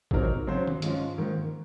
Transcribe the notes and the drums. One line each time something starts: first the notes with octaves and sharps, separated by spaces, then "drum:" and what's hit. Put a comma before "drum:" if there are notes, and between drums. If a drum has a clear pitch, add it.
C3 F#3 C4 D#4 A#4, drum: kick
C#3 F#3 C4 F#4 C5
drum: tom D#3
G#2 F3 G#3 C#4 F4, drum: hi-hat
G#2 D#3 A#3